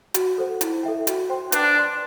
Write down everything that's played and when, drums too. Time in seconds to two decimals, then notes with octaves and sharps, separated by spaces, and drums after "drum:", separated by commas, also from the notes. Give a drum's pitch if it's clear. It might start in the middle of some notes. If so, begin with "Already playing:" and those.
0.14 F#4, drum: hi-hat
0.38 A4 C5 F#5
0.61 E4, drum: hi-hat
0.83 A4 E5 G5
1.07 F#4, drum: hi-hat
1.29 C5 G5 C6
1.52 D4 B4, drum: hi-hat
1.76 D5 A5 C6